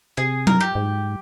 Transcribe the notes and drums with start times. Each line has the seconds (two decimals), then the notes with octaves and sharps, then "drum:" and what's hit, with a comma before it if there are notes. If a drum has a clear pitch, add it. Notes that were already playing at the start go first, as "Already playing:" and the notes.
0.17 C3 G#4
0.47 A#4, drum: tom F#3
0.61 G4
0.75 G#2